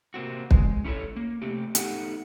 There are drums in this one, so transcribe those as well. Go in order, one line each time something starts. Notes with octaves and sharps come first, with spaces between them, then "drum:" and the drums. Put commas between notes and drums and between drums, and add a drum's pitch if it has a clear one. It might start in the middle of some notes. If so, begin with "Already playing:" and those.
C3 A#3 C4 F#4
G#3, drum: kick
C#4 E4 G4 A4 C#5
A#3
C3 A3 C4 G4
A3 B3 D#4 G4 F#5, drum: hi-hat